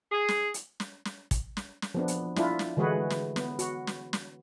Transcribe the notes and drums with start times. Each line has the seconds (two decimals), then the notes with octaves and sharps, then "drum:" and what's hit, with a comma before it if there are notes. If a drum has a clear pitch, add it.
0.11 G#4
0.28 drum: snare
0.54 drum: hi-hat
0.80 drum: snare
1.05 drum: snare
1.31 drum: kick, hi-hat
1.57 drum: snare
1.82 drum: snare
1.94 F3 B3 D4
2.08 drum: hi-hat
2.36 D4 E4 F4, drum: snare
2.59 drum: snare
2.77 D3 E3 G#3 F#4 G#4 B4
3.10 drum: snare
3.36 B3, drum: snare
3.59 F#4, drum: hi-hat
3.87 drum: snare
4.13 drum: snare